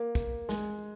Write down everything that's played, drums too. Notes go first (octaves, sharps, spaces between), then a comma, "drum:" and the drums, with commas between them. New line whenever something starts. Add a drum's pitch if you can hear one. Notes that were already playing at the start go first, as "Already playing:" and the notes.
Already playing: A#3
drum: kick, hi-hat
G#3, drum: snare